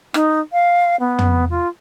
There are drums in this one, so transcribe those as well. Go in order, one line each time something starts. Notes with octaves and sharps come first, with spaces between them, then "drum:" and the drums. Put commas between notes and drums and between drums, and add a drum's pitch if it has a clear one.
D#4, drum: rim click
F5
B3
drum: tom
F4